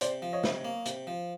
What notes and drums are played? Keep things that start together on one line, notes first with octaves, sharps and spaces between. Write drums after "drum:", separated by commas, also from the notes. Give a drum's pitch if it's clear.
C3 C5 D5, drum: hi-hat
F3
C#5 D#5
C3, drum: snare
A#3
C3, drum: hi-hat
F3